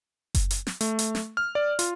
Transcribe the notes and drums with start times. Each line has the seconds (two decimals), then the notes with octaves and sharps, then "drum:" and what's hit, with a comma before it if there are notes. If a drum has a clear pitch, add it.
0.35 drum: kick F#1, hi-hat
0.51 drum: hi-hat
0.67 drum: snare
0.81 A3, drum: hi-hat
0.99 drum: hi-hat
1.15 drum: snare
1.37 F6
1.55 D5
1.79 F4, drum: hi-hat